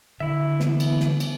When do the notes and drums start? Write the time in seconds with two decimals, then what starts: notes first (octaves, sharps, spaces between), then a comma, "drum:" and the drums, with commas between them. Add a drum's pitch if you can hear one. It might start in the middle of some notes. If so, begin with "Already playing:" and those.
0.20 D3 C4 D4 E4 E5
0.60 E3 B3, drum: snare
0.80 drum: cymbal
1.00 drum: snare
1.20 drum: cymbal